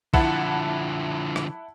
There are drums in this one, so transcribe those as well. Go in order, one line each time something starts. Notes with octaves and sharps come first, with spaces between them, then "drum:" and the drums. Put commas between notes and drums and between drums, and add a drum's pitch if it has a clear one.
D3 F3 E4 F#5 A5, drum: kick B1
drum: rim click